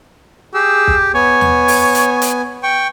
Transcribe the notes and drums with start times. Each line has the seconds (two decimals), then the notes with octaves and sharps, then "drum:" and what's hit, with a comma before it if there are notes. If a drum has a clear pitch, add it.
0.54 G4 G#4 E6
0.87 drum: kick
1.14 B3 C#5 G#5
1.41 drum: tom D#2
1.68 drum: open hi-hat
1.95 drum: hi-hat
2.22 drum: hi-hat
2.63 G5 C#6